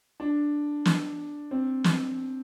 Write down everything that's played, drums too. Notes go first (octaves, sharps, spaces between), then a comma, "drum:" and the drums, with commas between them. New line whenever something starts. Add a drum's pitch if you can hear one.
D4
drum: snare
C4
drum: snare